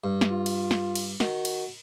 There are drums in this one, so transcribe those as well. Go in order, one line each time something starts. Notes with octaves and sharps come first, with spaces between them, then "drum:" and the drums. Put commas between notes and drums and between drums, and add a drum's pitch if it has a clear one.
G2
drum: snare
F4
drum: cymbal
drum: snare
drum: cymbal
D#3 F#4, drum: snare
drum: cymbal